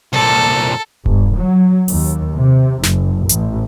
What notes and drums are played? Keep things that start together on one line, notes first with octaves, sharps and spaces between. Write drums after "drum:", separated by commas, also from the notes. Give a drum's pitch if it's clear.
C2 A#2 A4
G1, drum: kick D#1
F#3
D#2, drum: open hi-hat
C3
F#1, drum: snare
A1, drum: hi-hat